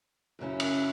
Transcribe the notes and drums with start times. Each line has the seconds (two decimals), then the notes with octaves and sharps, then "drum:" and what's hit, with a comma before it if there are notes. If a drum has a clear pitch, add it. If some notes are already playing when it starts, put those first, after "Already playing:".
0.39 F#2 C#3 F#3 C#4 E4
0.60 drum: cymbal